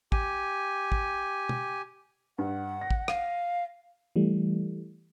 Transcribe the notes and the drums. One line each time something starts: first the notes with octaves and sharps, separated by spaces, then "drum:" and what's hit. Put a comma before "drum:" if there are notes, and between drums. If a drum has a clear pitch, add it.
G4 G#5, drum: kick
drum: kick
drum: tom B2
G2 F#5
A#6
drum: kick
F5 D#7, drum: rim click
E3 G3 A3